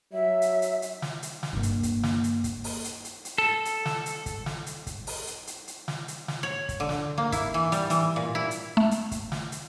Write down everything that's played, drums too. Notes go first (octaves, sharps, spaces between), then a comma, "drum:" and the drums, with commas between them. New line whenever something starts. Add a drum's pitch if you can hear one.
F#3 E5
drum: hi-hat
drum: hi-hat
drum: hi-hat
drum: snare
drum: hi-hat
drum: snare
G2 A#3
drum: hi-hat
drum: kick, hi-hat
drum: snare
drum: hi-hat
drum: kick, hi-hat
drum: open hi-hat
drum: hi-hat
drum: hi-hat
drum: hi-hat
A4
drum: hi-hat
drum: snare
drum: hi-hat
drum: kick, hi-hat
drum: snare
drum: hi-hat
drum: kick, hi-hat
drum: open hi-hat
drum: hi-hat
drum: hi-hat
drum: hi-hat
drum: snare
drum: hi-hat
drum: snare
C#5
drum: kick, hi-hat
D3
drum: snare
A#3
E4, drum: kick, hi-hat
E3
G3, drum: hi-hat
E3, drum: hi-hat
A#2
E4
drum: hi-hat
A3
drum: hi-hat
drum: kick, hi-hat
drum: snare
drum: hi-hat